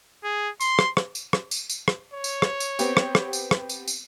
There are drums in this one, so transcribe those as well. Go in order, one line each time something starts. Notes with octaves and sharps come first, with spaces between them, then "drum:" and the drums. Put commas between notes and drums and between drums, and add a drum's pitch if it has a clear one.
G#4
C6, drum: tambourine
drum: rim click
drum: rim click
drum: tambourine
drum: rim click
drum: tambourine
drum: tambourine
drum: rim click
C#5
drum: tambourine
drum: rim click
drum: tambourine
B3 C4 G4, drum: tambourine
drum: rim click
drum: rim click
drum: tambourine
drum: rim click
drum: tambourine
drum: tambourine